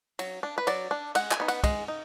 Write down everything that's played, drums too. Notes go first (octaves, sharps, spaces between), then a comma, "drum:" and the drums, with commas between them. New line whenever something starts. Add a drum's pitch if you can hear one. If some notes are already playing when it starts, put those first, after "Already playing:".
F#3, drum: cymbal
D4
B4
F#3 D5, drum: cymbal
D4
G#3 F#5, drum: cymbal
G#5, drum: clap
B3 D#4
F#5, drum: cymbal
G#3, drum: kick, cymbal
D#4